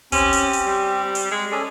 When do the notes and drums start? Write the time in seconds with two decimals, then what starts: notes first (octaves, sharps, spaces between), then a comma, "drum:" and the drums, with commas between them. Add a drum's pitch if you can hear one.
0.12 C4 C#4 G4, drum: kick, hi-hat
0.33 drum: hi-hat
0.53 drum: hi-hat
0.66 G3
1.15 drum: hi-hat
1.31 G#3
1.52 C#4 G#4 A4 D5